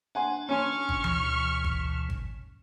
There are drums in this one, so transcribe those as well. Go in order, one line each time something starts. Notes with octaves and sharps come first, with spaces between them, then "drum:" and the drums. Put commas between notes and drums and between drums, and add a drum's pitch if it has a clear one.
D4 F#5 G#5 A5 C6
C#4 G#5 C6 C#6 F6
drum: kick G#1
D2 B2 E3, drum: tom E3
drum: kick G#1
drum: kick G#1